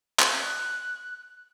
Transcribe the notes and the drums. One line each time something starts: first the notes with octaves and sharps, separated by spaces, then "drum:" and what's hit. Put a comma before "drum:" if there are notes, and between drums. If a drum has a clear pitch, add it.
F#6, drum: clap